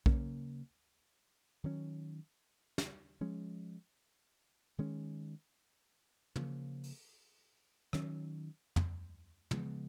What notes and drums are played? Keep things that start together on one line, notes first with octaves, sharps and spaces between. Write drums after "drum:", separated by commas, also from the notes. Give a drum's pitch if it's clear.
C#3 F#3 A#3 C#4, drum: kick
D#3 F#3 C#4
drum: snare
F3 G#3 C#4
D#3 G#3 C#4
C#3 F3 A#3, drum: tom
drum: open hi-hat
D#3 F#3 C#4, drum: rim click
drum: tom
C#3 F3 G#3 B3, drum: tom